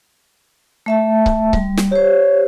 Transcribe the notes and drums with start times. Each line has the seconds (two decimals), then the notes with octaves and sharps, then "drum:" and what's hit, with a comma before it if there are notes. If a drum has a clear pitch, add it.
0.86 A3 E5 A5
1.26 drum: kick C#1
1.53 G3, drum: kick C#1
1.77 drum: snare
1.92 G4 C5 C#5